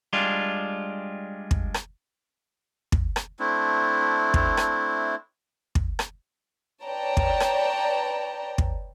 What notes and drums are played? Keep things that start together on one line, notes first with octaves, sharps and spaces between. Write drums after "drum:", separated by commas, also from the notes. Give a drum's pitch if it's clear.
G3 G#3 D4 F4
drum: kick
drum: rim click
drum: kick
drum: rim click
A3 C4 D4 E4
drum: kick
drum: rim click
drum: kick
drum: rim click
B4 C#5 D5 G5 A5 A#5
drum: kick
drum: rim click
drum: kick